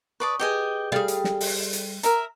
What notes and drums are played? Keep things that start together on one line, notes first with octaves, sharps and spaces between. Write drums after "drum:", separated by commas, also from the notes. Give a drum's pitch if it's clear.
B4 D5 A5 C#6 D#6
G4 G#4 B4 D#5 G#5 G6
G3 G#4 A4 F5
drum: hi-hat
drum: snare
drum: open hi-hat
drum: hi-hat
A#4 E5 A#5, drum: hi-hat